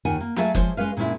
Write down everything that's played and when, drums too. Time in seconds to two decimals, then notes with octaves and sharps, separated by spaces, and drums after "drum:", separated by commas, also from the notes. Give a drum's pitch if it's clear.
0.05 D#2 D#3 C#5 F#5 G#5
0.20 A#3
0.37 F#3 A3 G#4 E5 F5, drum: snare
0.55 F3 G#3 C5 C#5, drum: kick F#1
0.77 G#3 C#4 B4 F5
0.97 A#2 D3 G#3 C#4 E4